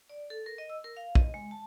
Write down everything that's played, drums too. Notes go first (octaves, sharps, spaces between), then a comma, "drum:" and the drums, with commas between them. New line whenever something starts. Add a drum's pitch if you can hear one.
D5
A4
A#4
D#5
E6
A#4
F5
D#5, drum: kick
G#3
A5